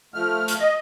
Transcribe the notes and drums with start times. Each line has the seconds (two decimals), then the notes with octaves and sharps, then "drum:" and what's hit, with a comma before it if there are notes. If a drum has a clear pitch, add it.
0.14 F3 A3 F6
0.48 drum: hi-hat
0.59 D#5